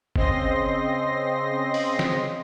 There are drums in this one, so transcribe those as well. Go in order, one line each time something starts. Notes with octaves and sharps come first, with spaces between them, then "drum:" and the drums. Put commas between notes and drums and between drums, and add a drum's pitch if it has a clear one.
C#3 C4 D#5 C6 A#6, drum: kick G1
drum: open hi-hat
drum: snare